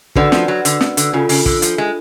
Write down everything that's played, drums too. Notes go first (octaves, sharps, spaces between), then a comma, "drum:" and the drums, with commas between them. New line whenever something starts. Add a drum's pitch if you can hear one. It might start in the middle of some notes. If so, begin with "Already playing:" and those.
D3 F#4 B4 D5 F#5, drum: kick
F3, drum: snare
F#3
D3, drum: hi-hat
drum: snare
D3, drum: hi-hat
C#3 D4 F4 A4
C#3, drum: open hi-hat
D3, drum: kick
F3, drum: hi-hat
G#3